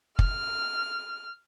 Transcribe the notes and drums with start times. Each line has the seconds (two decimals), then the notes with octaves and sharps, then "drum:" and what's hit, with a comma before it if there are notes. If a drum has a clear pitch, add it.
0.19 F6, drum: kick